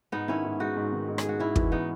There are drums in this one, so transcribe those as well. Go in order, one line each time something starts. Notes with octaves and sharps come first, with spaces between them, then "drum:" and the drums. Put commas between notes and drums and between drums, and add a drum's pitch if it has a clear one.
G#2 B3 D#4
D#3 C#4 E4
G#2
G#3 D#4 F#4
G#2
D#3
G#2
G#4, drum: rim click
G#3
F#4
G#2 C#4 E4
E3, drum: kick
B3 D#4